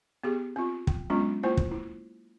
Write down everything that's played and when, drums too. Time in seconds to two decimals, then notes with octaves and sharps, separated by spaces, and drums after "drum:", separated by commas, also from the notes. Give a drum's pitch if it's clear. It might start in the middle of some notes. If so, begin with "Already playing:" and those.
0.23 B3 G4 G#4
0.56 C4 F4
0.87 G5, drum: kick
1.10 F#3 G#3 B3 C#4 D4 F4
1.43 A#3 E4 F4 C5 G#5
1.57 drum: kick
1.71 E4